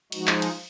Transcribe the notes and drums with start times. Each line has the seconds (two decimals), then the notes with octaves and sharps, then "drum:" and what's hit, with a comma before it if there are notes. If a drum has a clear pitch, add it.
0.12 F3 G#3 D#4 F#4, drum: cymbal
0.27 drum: clap
0.42 drum: cymbal